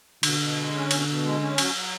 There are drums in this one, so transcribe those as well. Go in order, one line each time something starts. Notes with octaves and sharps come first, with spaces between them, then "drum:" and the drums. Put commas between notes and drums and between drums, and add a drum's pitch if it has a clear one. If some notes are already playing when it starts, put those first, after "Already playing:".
B2 D3, drum: cymbal
B2
G#3
C#4
B2, drum: cymbal
B2
G#3
C#4
F#3, drum: cymbal
F#3